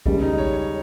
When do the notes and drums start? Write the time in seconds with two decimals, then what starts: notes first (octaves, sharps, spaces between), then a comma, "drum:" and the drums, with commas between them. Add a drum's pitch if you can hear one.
0.06 D#2 C#3 G3 G#3, drum: kick A#1
0.22 D#4
0.38 C#5
0.53 C#5